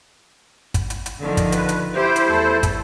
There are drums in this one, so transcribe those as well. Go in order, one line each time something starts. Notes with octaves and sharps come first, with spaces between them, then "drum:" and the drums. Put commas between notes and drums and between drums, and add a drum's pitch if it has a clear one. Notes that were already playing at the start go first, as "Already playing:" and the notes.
drum: kick, hi-hat
drum: hi-hat
drum: hi-hat
D3 D#3 F3
drum: kick, hi-hat
B4, drum: hi-hat
drum: hi-hat
E4 G4 C5
drum: hi-hat
E2 A3 A4
drum: kick, hi-hat